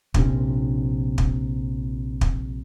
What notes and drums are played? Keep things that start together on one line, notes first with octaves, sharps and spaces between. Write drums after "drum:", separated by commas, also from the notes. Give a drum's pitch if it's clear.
A#1 C3 C#4, drum: kick
drum: kick
drum: kick